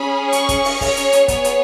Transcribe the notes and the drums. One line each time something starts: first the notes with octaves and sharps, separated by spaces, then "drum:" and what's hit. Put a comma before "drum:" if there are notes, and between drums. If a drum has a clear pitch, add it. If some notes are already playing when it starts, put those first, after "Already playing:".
Already playing: C#4 G#4 B5
C#6, drum: hi-hat
drum: kick, hi-hat
drum: open hi-hat
C#5, drum: kick, open hi-hat
drum: hi-hat
drum: hi-hat
B3 G#4 C#5, drum: kick, hi-hat
drum: hi-hat